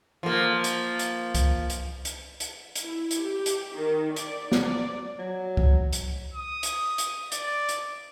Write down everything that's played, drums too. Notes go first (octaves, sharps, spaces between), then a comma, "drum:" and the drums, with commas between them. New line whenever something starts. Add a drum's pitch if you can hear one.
F3 A#3
drum: hi-hat
drum: hi-hat
drum: kick C2, hi-hat
drum: hi-hat
drum: hi-hat
drum: hi-hat
drum: hi-hat
E4
drum: hi-hat
G4
drum: hi-hat
D#3
D5, drum: hi-hat
drum: snare
D5
F#3
drum: kick C2
drum: hi-hat
D#6
drum: hi-hat
drum: hi-hat
D5, drum: hi-hat
drum: hi-hat